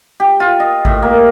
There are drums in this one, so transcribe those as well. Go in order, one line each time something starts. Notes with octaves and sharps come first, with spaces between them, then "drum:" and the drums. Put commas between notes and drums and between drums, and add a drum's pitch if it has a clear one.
G4
F4
D#5
A2, drum: kick G#1
A#3